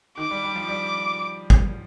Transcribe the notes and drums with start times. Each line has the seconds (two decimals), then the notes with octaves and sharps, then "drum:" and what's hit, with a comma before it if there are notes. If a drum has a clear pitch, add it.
0.17 D#3 D6
0.31 G3
0.44 G3
0.55 F3
0.69 G3
1.50 drum: kick